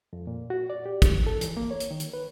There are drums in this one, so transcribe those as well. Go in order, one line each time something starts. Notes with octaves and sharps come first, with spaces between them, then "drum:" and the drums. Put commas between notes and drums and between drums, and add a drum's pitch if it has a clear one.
F2
A#2
F#4
D5
G4
drum: kick, hi-hat
A4
E3, drum: hi-hat
A#3
C#5
drum: hi-hat
D#3
drum: hi-hat
B4